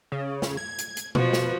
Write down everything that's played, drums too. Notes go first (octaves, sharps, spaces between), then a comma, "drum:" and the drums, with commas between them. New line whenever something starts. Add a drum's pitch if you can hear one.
C#3
drum: snare
G#6
drum: hi-hat
drum: hi-hat
B2 F3 F#4, drum: tom B2
drum: snare